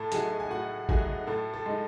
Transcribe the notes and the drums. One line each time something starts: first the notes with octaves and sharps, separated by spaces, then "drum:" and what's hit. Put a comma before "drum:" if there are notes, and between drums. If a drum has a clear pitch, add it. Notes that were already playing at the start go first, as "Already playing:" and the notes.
Already playing: A2 A4 A5
F#3 A3 D#4 F#4 G#4 G#5, drum: hi-hat
G#5
A2 F#4 F#5
F#3 A3 D#4 F#4 G#4 G#5, drum: kick
A2 A4 A5
A4 A5
G#3 D#4